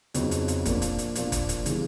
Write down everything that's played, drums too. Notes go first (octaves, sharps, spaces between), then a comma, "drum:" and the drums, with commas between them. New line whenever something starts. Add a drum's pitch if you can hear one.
F2 C#3 F#3 B3 D#4, drum: hi-hat
drum: hi-hat
drum: hi-hat
A#2 F3 A#3 D4, drum: kick, hi-hat
drum: hi-hat
drum: hi-hat
A#2 F3 A#3 D4, drum: hi-hat
drum: kick, hi-hat
drum: hi-hat
C#3 E3 G3 B3, drum: hi-hat